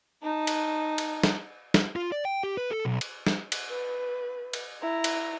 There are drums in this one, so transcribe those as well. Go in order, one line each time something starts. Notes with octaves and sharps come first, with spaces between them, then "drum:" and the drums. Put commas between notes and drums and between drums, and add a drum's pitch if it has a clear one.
D#4 A5
drum: cymbal
drum: cymbal
drum: snare
drum: snare
F4
D5
G5
G4
B4
A4
B1
drum: cymbal
drum: snare
drum: cymbal
B4
drum: cymbal
E4 A#5
drum: cymbal